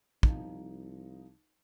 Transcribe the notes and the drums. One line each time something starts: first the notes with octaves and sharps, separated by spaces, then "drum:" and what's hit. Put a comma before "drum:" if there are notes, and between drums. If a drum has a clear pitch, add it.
C2 F3 D#4, drum: kick